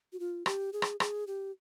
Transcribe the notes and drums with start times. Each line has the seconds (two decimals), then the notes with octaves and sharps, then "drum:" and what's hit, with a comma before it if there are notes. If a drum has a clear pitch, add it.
0.13 F#4
0.20 F4
0.46 G4, drum: rim click
0.73 G#4
0.82 drum: rim click
1.00 G#4, drum: rim click
1.27 G4